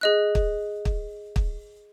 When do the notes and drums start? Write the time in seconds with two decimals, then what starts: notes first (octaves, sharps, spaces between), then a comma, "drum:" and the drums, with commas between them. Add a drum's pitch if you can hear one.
0.01 G#4 D#5 F#6
0.35 drum: kick
0.85 drum: kick
1.36 drum: kick